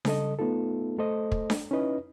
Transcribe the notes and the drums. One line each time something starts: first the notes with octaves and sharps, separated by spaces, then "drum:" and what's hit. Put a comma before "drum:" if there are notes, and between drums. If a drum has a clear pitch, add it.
C#3 G3 A4 D#5, drum: snare D4
A3 B3 D#4 F4 A4
A3 A4 C5 D#5
drum: kick
drum: snare D4
C#4 D#4 E4 B4 D#5